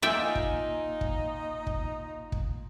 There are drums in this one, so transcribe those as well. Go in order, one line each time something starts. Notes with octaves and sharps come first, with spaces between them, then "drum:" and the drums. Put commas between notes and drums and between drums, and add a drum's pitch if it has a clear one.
A#3 D#4 F4 D5 E5 G5 G#5
drum: kick
drum: kick
drum: kick
drum: kick